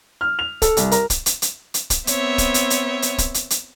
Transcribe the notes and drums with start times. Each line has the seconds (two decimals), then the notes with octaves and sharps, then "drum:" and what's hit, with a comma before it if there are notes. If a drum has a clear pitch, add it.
0.21 F6
0.39 F7
0.62 A4, drum: kick, hi-hat
0.77 C2, drum: hi-hat
0.91 A#4, drum: hi-hat
1.10 drum: kick, hi-hat
1.26 drum: hi-hat
1.42 drum: hi-hat
1.74 drum: hi-hat
1.90 drum: kick, hi-hat
2.07 B3 C4 C#5 E5, drum: hi-hat
2.38 drum: kick, hi-hat
2.54 drum: hi-hat
2.70 drum: hi-hat
3.02 drum: hi-hat
3.18 drum: kick, hi-hat
3.34 drum: hi-hat
3.50 drum: hi-hat